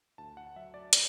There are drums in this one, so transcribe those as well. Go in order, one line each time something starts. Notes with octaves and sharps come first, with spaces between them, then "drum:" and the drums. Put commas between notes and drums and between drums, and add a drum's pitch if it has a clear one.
D2 A5
F#5
F#3 E5
D5
D5, drum: hi-hat